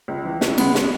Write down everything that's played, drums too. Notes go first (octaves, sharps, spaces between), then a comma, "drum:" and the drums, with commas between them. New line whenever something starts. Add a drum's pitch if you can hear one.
C#2
E3
C#2, drum: snare
C#3 G#3 B3, drum: cymbal
drum: snare